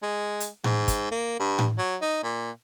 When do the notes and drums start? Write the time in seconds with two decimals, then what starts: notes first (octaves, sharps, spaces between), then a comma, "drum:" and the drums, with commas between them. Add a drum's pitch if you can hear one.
0.03 G#3
0.40 drum: hi-hat
0.64 G#2, drum: tom A2
0.88 drum: kick, hi-hat
1.11 A#3
1.40 G2
1.59 drum: tom A2
1.78 F#3
2.01 D#4
2.23 A#2